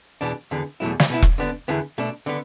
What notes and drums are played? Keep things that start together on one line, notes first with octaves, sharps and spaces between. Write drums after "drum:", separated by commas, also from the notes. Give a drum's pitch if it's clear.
E2 B2 B3 D4
E2 D3 B3
E2 B2 F#3 A3 E4
drum: snare
B2 B3 E4
drum: kick E1
D3 B3 D4
E2 D3 B3 E4
B2 A3 D4
D3 B3